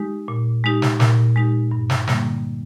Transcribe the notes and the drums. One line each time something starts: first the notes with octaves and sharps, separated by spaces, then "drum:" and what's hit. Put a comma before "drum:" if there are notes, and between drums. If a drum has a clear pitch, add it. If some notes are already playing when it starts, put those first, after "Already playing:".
Already playing: G#3 D#4 G4
A#2
G#3 D#4 G4
drum: snare
A#2, drum: snare
G#3 D#4 G4
G2
drum: snare
D3 G3 A#3, drum: snare